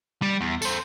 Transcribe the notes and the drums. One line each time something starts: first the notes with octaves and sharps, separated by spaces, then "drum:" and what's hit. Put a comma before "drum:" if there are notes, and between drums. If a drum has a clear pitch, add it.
G3
E2
A4 C5, drum: tambourine